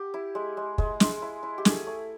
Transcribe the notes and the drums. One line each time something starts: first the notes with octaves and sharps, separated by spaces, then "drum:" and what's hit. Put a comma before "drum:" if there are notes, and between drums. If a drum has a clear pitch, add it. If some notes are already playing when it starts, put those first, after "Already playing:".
Already playing: G4
E4
G#3
G#3
G#3, drum: kick
G#3, drum: snare
E4
E4
G4
A3 G#4, drum: snare
A3